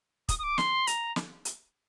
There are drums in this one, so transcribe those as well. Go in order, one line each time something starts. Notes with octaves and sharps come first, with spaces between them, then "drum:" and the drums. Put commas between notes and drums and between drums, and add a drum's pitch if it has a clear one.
D#6, drum: kick, hi-hat
D#6
D6
C6, drum: snare
A#5, drum: hi-hat
drum: snare
drum: hi-hat